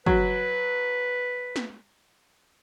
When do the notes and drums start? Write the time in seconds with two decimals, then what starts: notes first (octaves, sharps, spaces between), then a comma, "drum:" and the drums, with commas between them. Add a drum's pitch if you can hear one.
0.06 F#3 B4, drum: kick
1.56 drum: snare